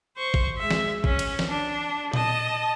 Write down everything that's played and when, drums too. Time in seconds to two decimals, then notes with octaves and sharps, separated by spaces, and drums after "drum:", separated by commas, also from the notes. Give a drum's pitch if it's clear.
0.17 C5 C#6
0.34 drum: kick A1
0.58 G#3 E5
0.71 drum: snare
1.04 C#4, drum: kick A1
1.19 drum: cymbal
1.39 drum: snare
1.48 D4
2.14 D#5 A5, drum: tom A#2